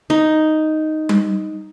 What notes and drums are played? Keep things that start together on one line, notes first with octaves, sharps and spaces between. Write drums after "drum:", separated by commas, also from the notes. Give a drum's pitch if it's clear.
D#4
drum: tom G3